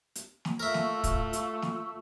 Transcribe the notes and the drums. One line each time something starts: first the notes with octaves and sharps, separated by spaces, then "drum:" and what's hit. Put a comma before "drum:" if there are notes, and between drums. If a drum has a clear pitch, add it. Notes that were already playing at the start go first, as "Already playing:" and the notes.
drum: hi-hat
drum: snare
A3 F4 A#4 E5 C#6 E6
drum: snare
drum: kick, hi-hat
drum: hi-hat
drum: snare